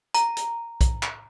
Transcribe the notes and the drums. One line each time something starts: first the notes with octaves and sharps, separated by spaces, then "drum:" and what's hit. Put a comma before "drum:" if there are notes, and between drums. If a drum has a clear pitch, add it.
A#5, drum: hi-hat
drum: hi-hat
drum: kick B1, hi-hat
drum: clap